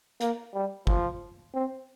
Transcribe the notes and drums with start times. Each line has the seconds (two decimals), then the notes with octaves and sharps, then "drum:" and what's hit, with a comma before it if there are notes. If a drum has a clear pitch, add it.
0.21 A#3, drum: hi-hat
0.54 G3
0.87 F3, drum: kick
1.54 C4